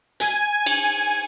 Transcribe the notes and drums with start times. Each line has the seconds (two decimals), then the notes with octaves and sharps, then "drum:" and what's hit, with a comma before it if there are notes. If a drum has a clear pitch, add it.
0.20 G#5, drum: hi-hat
0.66 drum: cymbal